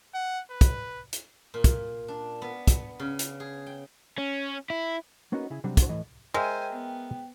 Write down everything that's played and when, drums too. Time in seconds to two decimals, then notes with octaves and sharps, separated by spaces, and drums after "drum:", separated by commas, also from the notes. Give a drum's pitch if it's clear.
0.14 F#5
0.50 B4
0.61 drum: kick, hi-hat
1.13 drum: hi-hat
1.54 A#2
1.64 drum: kick, hi-hat
2.08 D4
2.42 B3
2.67 drum: kick, hi-hat
2.99 C#3
3.19 drum: hi-hat
3.40 G#4
3.66 G5
4.18 C#4
4.70 E4
5.32 A#3 B3 C#4 D#4 F#4 A#4
5.50 C#3 E4 G#4
5.64 C3 F#3 G3 C4 D4
5.77 D4 F#4 C5, drum: kick, hi-hat
5.89 A2 E3 D#5
6.34 G#3 A#4 C5 E5 G5 G#5
6.72 B3